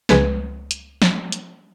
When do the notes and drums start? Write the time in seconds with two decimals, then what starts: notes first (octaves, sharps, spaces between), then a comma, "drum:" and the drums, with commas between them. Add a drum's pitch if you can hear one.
0.09 C#2 G#3 B4 G#6, drum: snare
0.71 drum: hi-hat
1.02 drum: snare
1.32 drum: hi-hat